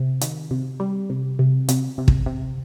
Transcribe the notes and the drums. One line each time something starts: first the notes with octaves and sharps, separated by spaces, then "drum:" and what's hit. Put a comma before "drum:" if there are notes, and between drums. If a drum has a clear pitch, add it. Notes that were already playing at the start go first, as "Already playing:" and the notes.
Already playing: C3
D#3, drum: hi-hat
C3
G3
C3
C3
C3, drum: hi-hat
C3
drum: kick
C3